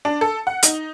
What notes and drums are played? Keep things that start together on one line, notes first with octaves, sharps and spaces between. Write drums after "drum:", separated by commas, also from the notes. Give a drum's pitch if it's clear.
D4
A4
F#5
D#4, drum: hi-hat